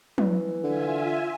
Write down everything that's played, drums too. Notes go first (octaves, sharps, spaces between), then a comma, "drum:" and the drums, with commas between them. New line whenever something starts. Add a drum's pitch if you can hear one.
E3, drum: tom
D3 F4 E5 G#5